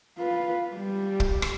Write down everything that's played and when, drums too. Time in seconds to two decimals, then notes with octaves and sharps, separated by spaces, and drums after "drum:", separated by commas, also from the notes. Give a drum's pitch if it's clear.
0.18 F4 B4
0.75 G3
1.20 drum: kick
1.42 drum: rim click